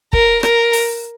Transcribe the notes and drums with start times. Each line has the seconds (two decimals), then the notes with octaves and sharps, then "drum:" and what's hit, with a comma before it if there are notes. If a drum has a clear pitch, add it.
0.13 A#4, drum: kick
0.43 A#4, drum: rim click
0.73 drum: open hi-hat